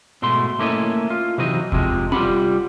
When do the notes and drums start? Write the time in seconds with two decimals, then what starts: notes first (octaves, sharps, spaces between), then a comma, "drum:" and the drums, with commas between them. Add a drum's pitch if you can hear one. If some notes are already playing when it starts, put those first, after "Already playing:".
0.22 G#2 B2 A3 E4 C6
0.59 A3 A#3 C#4 E4 A4 D#5
1.10 F4
1.38 C3 E3 F#3 C4 D#4 D#5
1.72 C3 F3 G#3, drum: kick F1
2.12 C2 G3 F4 G4 F#5 B5, drum: tom C4